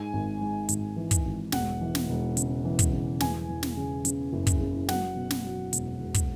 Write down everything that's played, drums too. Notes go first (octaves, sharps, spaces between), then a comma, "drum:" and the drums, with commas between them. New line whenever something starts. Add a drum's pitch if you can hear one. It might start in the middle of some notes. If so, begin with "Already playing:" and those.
Already playing: G#2 G#5
G#1
G#2
G#1, drum: hi-hat
E3
drum: kick, hi-hat
G#1
E1 F#5, drum: snare
E3
drum: snare
E1
C#3, drum: hi-hat
E3
drum: kick, hi-hat
C#3
E2 G#5, drum: snare
E2
drum: snare
C#3
C#3, drum: hi-hat
F#1
drum: kick, hi-hat
C#3
F#3 F#5, drum: snare
B2
drum: snare
F#3
E1, drum: hi-hat
E1
drum: kick, hi-hat